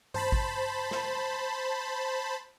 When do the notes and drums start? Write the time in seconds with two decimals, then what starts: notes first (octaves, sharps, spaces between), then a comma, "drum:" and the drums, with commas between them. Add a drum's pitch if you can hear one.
0.14 C5 A5 B5, drum: tom G2
0.32 drum: kick G#1
0.91 drum: snare